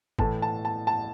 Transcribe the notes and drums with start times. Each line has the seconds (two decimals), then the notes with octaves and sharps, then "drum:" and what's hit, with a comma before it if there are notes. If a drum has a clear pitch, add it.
0.19 A2 E3 A3 A5, drum: kick G1
0.42 A5
0.65 A5
0.87 A5